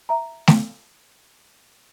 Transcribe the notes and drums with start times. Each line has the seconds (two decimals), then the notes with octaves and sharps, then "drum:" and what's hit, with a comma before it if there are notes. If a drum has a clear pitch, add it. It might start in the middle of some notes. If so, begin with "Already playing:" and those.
0.09 E5 A#5
0.47 drum: snare A3